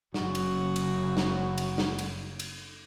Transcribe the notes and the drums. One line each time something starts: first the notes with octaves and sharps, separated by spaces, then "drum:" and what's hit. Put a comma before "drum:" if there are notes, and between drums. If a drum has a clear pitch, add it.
F#1 F#2 C#3 F#4, drum: snare
drum: cymbal
drum: cymbal
drum: snare
drum: cymbal
drum: snare
drum: cymbal
drum: cymbal